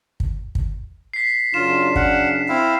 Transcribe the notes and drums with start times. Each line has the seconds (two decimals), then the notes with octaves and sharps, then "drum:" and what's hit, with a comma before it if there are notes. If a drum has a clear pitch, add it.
0.20 drum: kick
0.55 drum: kick
1.14 B6 C7
1.54 F#2 C#3 D4 F4 E7
1.96 F5 F#5, drum: kick
2.49 C4 E4 F5